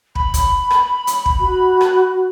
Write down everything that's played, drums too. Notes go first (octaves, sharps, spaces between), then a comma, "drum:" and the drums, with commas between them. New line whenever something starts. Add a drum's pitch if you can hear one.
B5, drum: kick
drum: kick, hi-hat
drum: rim click
drum: hi-hat
drum: kick
F#4
drum: rim click